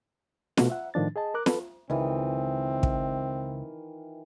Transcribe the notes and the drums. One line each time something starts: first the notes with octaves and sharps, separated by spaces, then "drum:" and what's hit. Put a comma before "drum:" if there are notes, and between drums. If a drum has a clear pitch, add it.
B2 A3 F#4, drum: snare
E5 F#5
A2 D#3 F3 D4 A6
G#4 D#5 A5
A#4 D6 F#6
A4 B4, drum: snare
C#2 D#3 E3 C4 F4
drum: kick